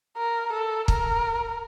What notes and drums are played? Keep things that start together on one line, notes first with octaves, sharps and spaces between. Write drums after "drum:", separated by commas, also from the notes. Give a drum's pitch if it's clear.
A#4
A4
A#4, drum: kick